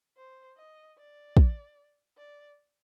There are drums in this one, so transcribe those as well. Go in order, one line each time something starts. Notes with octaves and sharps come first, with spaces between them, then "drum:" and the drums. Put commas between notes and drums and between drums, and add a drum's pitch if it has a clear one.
C5
D#5
D5
drum: kick
D5